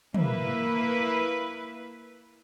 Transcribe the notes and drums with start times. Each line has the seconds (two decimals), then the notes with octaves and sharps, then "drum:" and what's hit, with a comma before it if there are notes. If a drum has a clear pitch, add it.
0.14 A#3 E4 B4, drum: tom